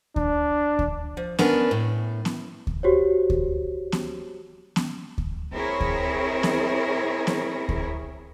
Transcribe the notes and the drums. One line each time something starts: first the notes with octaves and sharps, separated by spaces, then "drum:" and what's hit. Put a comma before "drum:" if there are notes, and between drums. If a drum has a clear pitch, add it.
D4, drum: kick D2
drum: kick D2
F3
B3 C#4 D4 A#4 B4, drum: snare B3
A2
drum: snare B3
drum: kick D2
F#4 G4 C5 C#5
drum: kick D2
drum: snare B3
drum: snare B3
drum: kick D2
C4 E4 G#4 A#4 C#5
drum: kick D2
drum: snare B3
drum: snare B3
drum: kick D2